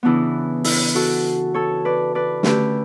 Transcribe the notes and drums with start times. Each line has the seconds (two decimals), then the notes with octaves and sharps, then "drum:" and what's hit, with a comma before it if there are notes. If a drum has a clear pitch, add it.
0.03 C#3 E3 B3 D4 E4
0.64 E4, drum: open hi-hat
0.95 F#4 A4
1.54 A4 C#5
1.85 B4 D5
2.15 B4 D5
2.43 D3 A3 C#4 G4 B4, drum: snare